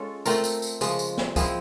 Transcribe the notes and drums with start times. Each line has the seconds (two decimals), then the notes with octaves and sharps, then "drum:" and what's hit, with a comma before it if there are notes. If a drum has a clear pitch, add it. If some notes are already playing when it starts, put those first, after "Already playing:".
Already playing: G#3 C#4 F4 A4
0.26 A3 C4 F4 A#4, drum: tambourine
0.44 drum: tambourine
0.62 drum: tambourine
0.81 C#3 F3 G#3, drum: tambourine
0.99 drum: tambourine
1.18 drum: snare
1.36 F3 G#3 C4 E4, drum: kick C#2, tambourine